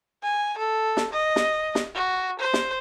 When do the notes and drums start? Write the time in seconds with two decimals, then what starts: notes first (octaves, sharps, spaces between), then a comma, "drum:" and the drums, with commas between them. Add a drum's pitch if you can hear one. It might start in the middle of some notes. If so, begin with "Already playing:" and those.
0.23 G#5
0.58 A4
0.97 drum: snare
1.13 D#5
1.36 drum: snare
1.75 drum: snare
1.95 F#4
2.39 C5
2.54 drum: snare